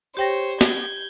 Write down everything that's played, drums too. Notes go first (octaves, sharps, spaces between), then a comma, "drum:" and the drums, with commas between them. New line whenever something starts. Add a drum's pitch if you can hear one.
G4 C5 C#5 G5 A#6
G6 G#6, drum: snare